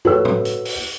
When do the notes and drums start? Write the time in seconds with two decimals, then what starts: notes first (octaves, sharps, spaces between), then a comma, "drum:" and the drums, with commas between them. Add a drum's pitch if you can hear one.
0.05 F#4 A4 B4 C#5 E6, drum: tom
0.25 drum: tom A2
0.45 drum: hi-hat
0.65 drum: open hi-hat